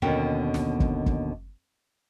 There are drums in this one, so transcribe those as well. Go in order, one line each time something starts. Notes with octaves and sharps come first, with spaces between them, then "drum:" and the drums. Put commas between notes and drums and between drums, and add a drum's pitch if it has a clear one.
D#2 B2 D3 C#4 G5
drum: snare
drum: kick
drum: kick